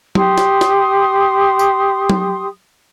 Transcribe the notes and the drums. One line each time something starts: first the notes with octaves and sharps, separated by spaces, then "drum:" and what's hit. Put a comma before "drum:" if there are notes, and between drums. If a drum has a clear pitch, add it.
G4 C6 D#6, drum: tom F#3
drum: snare
drum: snare
drum: tambourine
drum: tom F#3